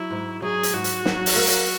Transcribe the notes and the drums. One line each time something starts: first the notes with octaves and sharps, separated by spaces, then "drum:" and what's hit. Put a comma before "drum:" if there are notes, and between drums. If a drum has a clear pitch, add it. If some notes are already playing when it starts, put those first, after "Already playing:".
Already playing: F#3 E4
G#2
F#3 G#4
drum: hi-hat
G#2 F#4
drum: hi-hat
F#3, drum: snare
drum: open hi-hat
A#3
drum: hi-hat